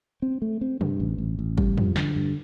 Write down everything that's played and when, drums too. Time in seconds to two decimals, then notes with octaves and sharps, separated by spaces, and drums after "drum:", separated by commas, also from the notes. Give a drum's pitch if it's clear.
0.22 C4
0.42 A3
0.61 C4
0.81 G2, drum: tom
1.00 A1
1.18 A1
1.39 A1
1.58 G3, drum: kick G1
1.78 F3, drum: tom
1.96 D3, drum: snare
2.16 G2